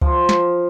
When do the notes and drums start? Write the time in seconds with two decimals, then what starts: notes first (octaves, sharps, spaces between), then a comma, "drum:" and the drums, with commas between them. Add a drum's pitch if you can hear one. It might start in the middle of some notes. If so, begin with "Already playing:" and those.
0.01 F3, drum: kick C#2
0.29 drum: snare